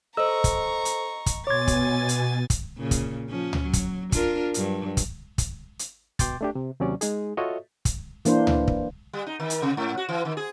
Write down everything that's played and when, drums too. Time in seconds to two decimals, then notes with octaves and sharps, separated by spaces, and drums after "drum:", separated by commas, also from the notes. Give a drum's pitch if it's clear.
0.17 A4 C5 D#5 A#5 C#6 E6
0.44 drum: kick, hi-hat
0.85 drum: hi-hat
1.26 drum: kick, hi-hat
1.47 B2 C#5 G#5 C6 D6 G#6 A6
1.68 drum: kick, hi-hat
2.09 drum: hi-hat
2.50 drum: kick, hi-hat
2.78 A#2 C#3
2.91 drum: kick, hi-hat
3.29 F3 C#4
3.53 drum: tom C#2
3.62 F#3
3.73 drum: kick, hi-hat
4.12 D4 F4 A#4, drum: kick, hi-hat
4.54 G2 F#3, drum: hi-hat
4.97 drum: kick, hi-hat
5.38 drum: kick, hi-hat
5.79 drum: hi-hat
6.19 B2 G5 C6 D6 G6 A6, drum: kick, hi-hat
6.41 A3 D4 G4
6.55 C3
6.80 D#2 C3 F#3 C#4 D5
7.01 G#3 D#4 G#4, drum: hi-hat
7.37 F4 F#4 A4 C#5 D#5 E5
7.85 drum: kick, hi-hat
8.25 E3 A#3 D4 C5, drum: hi-hat
8.47 drum: tom C#2
8.68 drum: kick
9.13 G3
9.27 D#4
9.40 D#3
9.50 drum: hi-hat
9.62 C3
9.77 G#2
9.97 F#4
10.09 E3
10.25 D#3
10.37 G#4